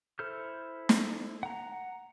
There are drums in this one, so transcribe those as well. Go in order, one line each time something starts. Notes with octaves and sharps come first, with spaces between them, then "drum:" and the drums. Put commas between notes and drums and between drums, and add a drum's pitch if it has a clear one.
E4 A4 C5 F6 G6
drum: snare
F#5 A#5